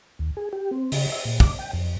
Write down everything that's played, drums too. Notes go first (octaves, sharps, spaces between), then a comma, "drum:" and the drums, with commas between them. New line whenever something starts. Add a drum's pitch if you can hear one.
D#2
G#4
G4
C4
C#3, drum: open hi-hat
E5
A#2
D6, drum: kick
G5
F2